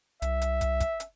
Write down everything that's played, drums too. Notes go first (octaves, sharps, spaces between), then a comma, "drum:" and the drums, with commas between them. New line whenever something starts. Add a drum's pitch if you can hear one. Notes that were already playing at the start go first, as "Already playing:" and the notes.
C2 E5, drum: hi-hat
drum: hi-hat
drum: kick, hi-hat
drum: kick, hi-hat
drum: hi-hat